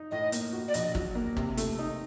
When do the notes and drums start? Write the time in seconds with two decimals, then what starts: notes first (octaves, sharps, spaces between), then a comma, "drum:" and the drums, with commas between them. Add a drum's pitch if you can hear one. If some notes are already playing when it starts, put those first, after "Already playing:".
Already playing: D#4
0.11 A2 D#5
0.32 A#3, drum: hi-hat
0.53 F#4
0.68 D5
0.74 A#1 D#5, drum: hi-hat
0.95 F#3, drum: kick
1.15 A#3
1.37 C3, drum: kick
1.57 A3, drum: hi-hat
1.79 D#4